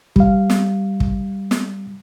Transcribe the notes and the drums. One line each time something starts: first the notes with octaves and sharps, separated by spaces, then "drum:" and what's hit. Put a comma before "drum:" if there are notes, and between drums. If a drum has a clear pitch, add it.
G3 F5, drum: kick
drum: snare
drum: kick
drum: snare